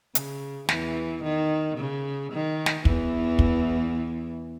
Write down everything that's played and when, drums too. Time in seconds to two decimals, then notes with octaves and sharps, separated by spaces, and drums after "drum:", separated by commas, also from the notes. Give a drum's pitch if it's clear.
0.15 C#3, drum: hi-hat
0.69 E2 E3, drum: snare
1.23 D#3
1.78 C#3
2.32 D#3
2.66 drum: snare
2.85 E2 E3, drum: kick
3.39 drum: kick